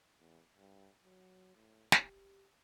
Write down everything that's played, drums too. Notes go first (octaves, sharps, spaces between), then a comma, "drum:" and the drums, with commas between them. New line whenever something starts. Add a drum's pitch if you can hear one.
E2
G2
F#3
A2
G4, drum: snare